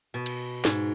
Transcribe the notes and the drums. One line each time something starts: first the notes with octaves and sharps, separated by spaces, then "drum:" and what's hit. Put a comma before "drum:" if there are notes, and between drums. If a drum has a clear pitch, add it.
B2
drum: cymbal
G#2, drum: snare